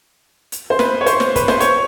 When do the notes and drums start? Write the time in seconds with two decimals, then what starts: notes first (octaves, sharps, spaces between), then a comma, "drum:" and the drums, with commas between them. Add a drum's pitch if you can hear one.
0.52 drum: hi-hat
0.70 C5
0.79 B4, drum: snare
1.01 C#5
1.06 C5, drum: hi-hat
1.20 drum: snare
1.36 B4, drum: kick, hi-hat
1.48 C5, drum: snare
1.60 C#5, drum: hi-hat